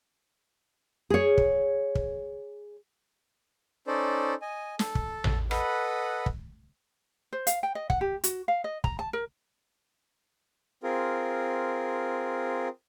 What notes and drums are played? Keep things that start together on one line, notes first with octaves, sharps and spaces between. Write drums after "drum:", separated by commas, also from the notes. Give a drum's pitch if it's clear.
G#4 C#5
drum: kick
drum: kick
C#4 D#4 A4 C5 D5
D#5 G#5
A4 A5, drum: snare
drum: kick
drum: tom A1
A4 B4 D#5 F#5 B5, drum: rim click
drum: kick
C5
F5, drum: hi-hat
G5
D#5
F#5, drum: kick
G4
F#4, drum: hi-hat
F5
D#5
A#5, drum: kick
A5
A#4
C4 F4 G#4 A#4